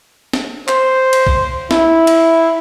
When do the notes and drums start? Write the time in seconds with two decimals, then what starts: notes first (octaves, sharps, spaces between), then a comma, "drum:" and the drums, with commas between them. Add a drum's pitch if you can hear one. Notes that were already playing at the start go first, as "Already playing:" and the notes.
0.33 drum: snare
0.68 C5, drum: clap
1.13 drum: cymbal
1.27 drum: kick B1
1.71 E4, drum: snare
2.07 drum: cymbal